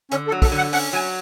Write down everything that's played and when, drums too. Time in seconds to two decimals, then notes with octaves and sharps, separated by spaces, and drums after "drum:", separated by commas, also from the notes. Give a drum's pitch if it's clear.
0.11 D3 C#4, drum: hi-hat
0.27 A4
0.32 F#3
0.42 A4, drum: kick, open hi-hat
0.52 D3
0.57 F#5
0.73 C#4 F#5, drum: open hi-hat
0.93 F#3 G#5